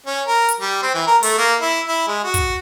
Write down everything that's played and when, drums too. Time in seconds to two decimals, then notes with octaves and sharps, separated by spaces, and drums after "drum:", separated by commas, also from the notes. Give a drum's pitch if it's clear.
0.06 C#4
0.27 A#4
0.49 drum: hi-hat
0.61 G3
0.82 C4
0.95 E3
1.07 A#4
1.23 A3, drum: open hi-hat
1.38 A#3
1.60 E4
1.88 E4
2.07 G#3
2.24 F#4
2.34 drum: kick, hi-hat